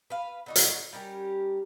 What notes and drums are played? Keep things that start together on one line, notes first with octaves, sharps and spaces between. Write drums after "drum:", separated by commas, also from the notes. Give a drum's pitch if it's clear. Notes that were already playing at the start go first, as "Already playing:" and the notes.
B4 F5
D3 D#4 F#4
drum: hi-hat
G3 C#4 G4 A#4